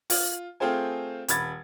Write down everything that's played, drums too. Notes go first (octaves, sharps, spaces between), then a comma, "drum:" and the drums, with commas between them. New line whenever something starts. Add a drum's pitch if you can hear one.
F4, drum: open hi-hat
A3 C4 F4 G#4 C5 G#5
D#1 B5 G#6 A6, drum: hi-hat